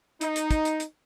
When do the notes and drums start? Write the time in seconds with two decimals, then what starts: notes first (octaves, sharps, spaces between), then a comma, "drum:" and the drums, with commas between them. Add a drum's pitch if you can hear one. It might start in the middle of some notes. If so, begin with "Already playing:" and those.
0.21 D#4, drum: hi-hat
0.36 drum: hi-hat
0.51 drum: kick, hi-hat
0.65 drum: hi-hat
0.80 drum: hi-hat